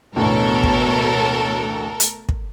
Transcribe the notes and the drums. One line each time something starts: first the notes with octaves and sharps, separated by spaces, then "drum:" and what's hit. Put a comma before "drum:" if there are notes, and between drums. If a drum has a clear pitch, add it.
A1 D2 B2 A3 A4 A#4 C#5
drum: kick
drum: hi-hat
drum: kick